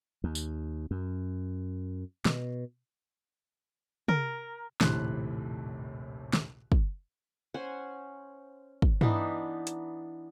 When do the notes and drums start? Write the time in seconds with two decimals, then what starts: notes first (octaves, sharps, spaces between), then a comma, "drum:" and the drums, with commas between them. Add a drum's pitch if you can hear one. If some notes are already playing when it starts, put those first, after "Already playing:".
0.24 D#2
0.35 drum: tambourine
0.91 F#2
2.25 B2, drum: snare
4.08 A#4, drum: tom
4.81 A#1 D#2 A2 C3 C6 F#6, drum: snare
6.33 drum: snare
6.72 drum: kick
7.54 C#4 C5 F#5 G#5
8.82 drum: kick
9.01 E3 B3 D4 D#4, drum: tom
9.67 drum: hi-hat